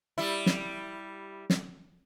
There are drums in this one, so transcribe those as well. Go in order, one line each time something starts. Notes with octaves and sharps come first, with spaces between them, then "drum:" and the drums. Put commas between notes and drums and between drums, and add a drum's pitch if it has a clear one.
G3 E4
drum: snare
drum: snare